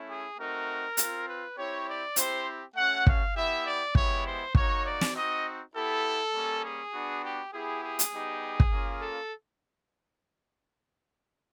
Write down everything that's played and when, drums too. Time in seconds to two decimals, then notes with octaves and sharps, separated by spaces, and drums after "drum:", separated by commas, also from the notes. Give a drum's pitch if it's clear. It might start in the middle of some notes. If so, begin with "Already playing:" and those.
Already playing: A3 C#4 E4
0.08 G#4
0.38 A3 C4 D#4 F#4 A#4
0.97 C4 F4, drum: hi-hat
1.27 B4
1.57 C4 E4 G4 C#5
1.87 D5
2.16 C4 E4 G4 C5, drum: hi-hat
2.76 A3 C#4 F#4 F#5
3.07 F5, drum: kick
3.35 B3 E4 G4 E5
3.66 D5
3.95 G#3 B3 E4 G4 C#5, drum: kick
4.25 C5
4.55 A#3 D#4 F#4 C#5, drum: kick
4.85 D5
5.01 drum: snare
5.15 C4 D#4 F#4 D#5
5.74 B3 E4 G4 A4
6.34 G3 A#3 C#4
6.63 G#4
6.93 B3 D4 F#4
7.23 G4
7.52 B3 E4 G4 G#4
7.83 G#4
7.99 drum: hi-hat
8.12 G3 B3 D#4 G4
8.60 drum: kick
8.72 A#3 C#4 F4
9.01 A4